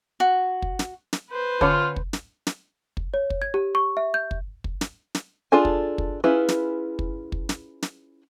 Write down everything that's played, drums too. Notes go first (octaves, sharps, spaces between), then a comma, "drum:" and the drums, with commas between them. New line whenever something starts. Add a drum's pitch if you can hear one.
F#4
drum: kick
drum: snare
drum: snare
B4 C5
D3 C#4 F4 C#5 F#5 A5 D6, drum: kick
drum: kick
drum: snare
drum: snare
drum: kick
C#5
drum: kick
G#6
G4
C#6
E5
G6
drum: kick
drum: kick
drum: snare
drum: snare
D4 F4 G#4 A4 G#5
drum: kick
drum: kick
C#4 E4 F4 G#4 B4
drum: snare
drum: kick
drum: kick
drum: snare
drum: snare